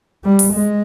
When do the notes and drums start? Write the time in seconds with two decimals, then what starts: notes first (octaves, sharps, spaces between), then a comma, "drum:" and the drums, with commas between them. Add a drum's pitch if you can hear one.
0.24 G3
0.39 drum: open hi-hat
0.53 G#3